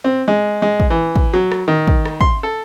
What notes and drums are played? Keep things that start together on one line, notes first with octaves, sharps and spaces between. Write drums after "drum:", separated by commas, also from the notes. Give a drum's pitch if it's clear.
C4
G#3
G#3
drum: kick
E3
drum: kick
F#3
drum: rim click
D#3
drum: kick
drum: rim click
C6, drum: kick
A4